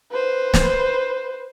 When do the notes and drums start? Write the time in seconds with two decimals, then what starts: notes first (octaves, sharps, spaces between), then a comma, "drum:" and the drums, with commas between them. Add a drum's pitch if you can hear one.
0.12 B4 C5
0.54 drum: snare